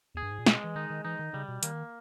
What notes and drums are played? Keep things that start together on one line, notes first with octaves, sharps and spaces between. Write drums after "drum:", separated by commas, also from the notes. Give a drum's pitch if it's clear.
E2 G#4
G2
G#2
A#2
B2 G#3, drum: snare
E3
D#3 D#4
D#3
E3 D#4
D#3
C#3 G3
B2
D#3 A#3, drum: hi-hat